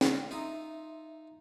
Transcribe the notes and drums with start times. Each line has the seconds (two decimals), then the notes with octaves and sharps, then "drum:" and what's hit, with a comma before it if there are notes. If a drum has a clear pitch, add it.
0.01 G5, drum: snare C#4
0.31 D#4 F4 E5 A#5 D#6